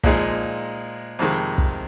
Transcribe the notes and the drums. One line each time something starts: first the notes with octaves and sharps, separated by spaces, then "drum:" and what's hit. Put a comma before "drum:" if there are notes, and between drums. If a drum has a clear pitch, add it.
A#2 F3 G#3 D#4, drum: kick
F2 C3 D#3 G#3
drum: kick